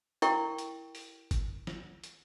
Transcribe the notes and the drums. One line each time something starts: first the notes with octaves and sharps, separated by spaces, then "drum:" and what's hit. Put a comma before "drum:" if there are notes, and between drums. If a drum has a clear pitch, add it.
E4 A#4 G5 C#6, drum: hi-hat
drum: hi-hat
drum: open hi-hat
drum: kick G1, hi-hat
drum: snare
drum: hi-hat